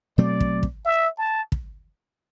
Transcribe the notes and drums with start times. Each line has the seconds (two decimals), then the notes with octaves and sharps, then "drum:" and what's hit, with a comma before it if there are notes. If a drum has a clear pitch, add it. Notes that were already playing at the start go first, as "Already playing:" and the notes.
0.18 B2 F#3 A3 C4 D5
0.40 drum: kick
0.63 drum: kick
0.85 E5
1.18 A5
1.52 drum: kick